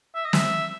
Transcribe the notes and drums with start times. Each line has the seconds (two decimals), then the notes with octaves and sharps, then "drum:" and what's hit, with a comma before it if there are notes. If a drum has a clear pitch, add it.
0.15 E5
0.24 D#5
0.33 E5, drum: snare